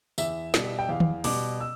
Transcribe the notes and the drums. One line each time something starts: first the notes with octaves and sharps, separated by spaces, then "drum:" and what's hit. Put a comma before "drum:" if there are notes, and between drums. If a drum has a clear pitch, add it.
E2 E5, drum: tambourine
B2 G3, drum: snare
G5
E2 F5
drum: tom
B2 G3 D6, drum: open hi-hat
E6